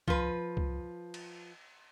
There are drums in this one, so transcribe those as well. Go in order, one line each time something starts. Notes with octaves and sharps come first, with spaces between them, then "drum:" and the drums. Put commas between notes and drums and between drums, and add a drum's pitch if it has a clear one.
F3 B4, drum: kick C2
drum: kick C2
drum: cymbal